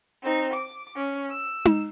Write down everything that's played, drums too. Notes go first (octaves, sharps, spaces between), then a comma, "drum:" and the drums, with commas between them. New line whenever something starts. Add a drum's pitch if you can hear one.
C4 D#4
D6
C#4
E6
drum: tom D#4